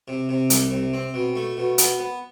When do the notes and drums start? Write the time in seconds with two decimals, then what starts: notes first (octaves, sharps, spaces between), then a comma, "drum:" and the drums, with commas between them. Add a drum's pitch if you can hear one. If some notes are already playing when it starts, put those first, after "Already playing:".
0.08 C3
0.29 C3
0.50 C2, drum: hi-hat
0.71 C3
0.93 C4
1.14 B2
1.36 A3
1.57 B2
1.78 B3, drum: hi-hat
1.99 B3